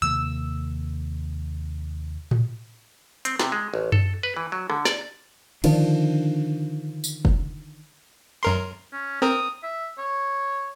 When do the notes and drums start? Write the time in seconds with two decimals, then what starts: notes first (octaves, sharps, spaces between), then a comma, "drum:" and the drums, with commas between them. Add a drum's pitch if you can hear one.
0.02 D#2 C3 A#3 E6
2.31 drum: tom A2
3.25 C4, drum: hi-hat
3.39 C3, drum: snare
3.52 G#3
3.74 A1
3.92 A4, drum: tom F#2
4.23 B4
4.37 E3
4.52 F#3
4.70 D3, drum: rim click
4.85 D5, drum: snare
5.64 D3 D#3 F3 D4, drum: cymbal
7.04 drum: tambourine
7.25 drum: kick F1
8.43 F#2 A#4 C6
8.93 C#4
9.22 C4 A#4 D#6
9.63 E5
9.98 C#5